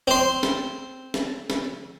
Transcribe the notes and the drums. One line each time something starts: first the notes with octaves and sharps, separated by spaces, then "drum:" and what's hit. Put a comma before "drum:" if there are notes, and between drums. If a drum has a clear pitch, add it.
C4 C6
drum: snare
drum: snare
drum: snare